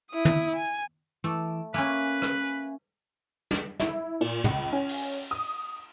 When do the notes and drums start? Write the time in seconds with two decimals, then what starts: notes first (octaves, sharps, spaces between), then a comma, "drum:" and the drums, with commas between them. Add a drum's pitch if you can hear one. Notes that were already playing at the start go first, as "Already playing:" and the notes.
0.11 E4 D#6
0.25 drum: tom
0.55 G#5
1.24 E3 A3 D6 E6
1.74 A#3 C#4 B4 E5 G#5
2.22 drum: rim click
3.51 drum: snare
3.80 E4, drum: snare
4.21 A#2, drum: cymbal
4.44 C#2, drum: tom
4.73 C#4
4.89 drum: open hi-hat
5.31 D#6